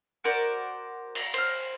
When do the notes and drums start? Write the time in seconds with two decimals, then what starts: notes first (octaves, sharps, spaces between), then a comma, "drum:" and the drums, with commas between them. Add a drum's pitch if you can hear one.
0.24 F#4 A#4 C5 D5
1.15 drum: cymbal
1.34 C5 F6, drum: cymbal